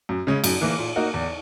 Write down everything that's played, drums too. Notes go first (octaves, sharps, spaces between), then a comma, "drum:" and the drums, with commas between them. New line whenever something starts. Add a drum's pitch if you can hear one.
F#2
C#3 G#3 C#4
F#2, drum: cymbal
E3 A#3
A#2
A#3 D#4 F#4 A#4
E2